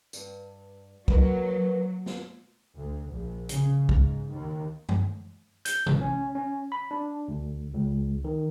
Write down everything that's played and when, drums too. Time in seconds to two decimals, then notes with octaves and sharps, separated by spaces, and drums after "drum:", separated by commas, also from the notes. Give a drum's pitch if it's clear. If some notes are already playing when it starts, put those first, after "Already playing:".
0.13 G2, drum: tambourine
1.08 F#3 A#3 F#4 B4, drum: kick
2.06 drum: snare
2.76 D2
3.12 A#1
3.49 C#3, drum: hi-hat
3.89 G#2, drum: kick
4.30 D#2
4.89 drum: tom F#2
5.65 G6, drum: hi-hat
5.86 A1, drum: tom C3
6.01 C#4
6.35 C#4
6.72 B5
6.91 D4
7.28 D2
7.74 C#2
8.25 D#3